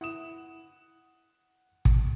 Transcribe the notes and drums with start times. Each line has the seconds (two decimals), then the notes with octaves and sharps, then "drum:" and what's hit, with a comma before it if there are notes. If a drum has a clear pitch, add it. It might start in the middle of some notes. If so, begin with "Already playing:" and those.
0.01 E4 F#5 D#6 E7
1.85 drum: kick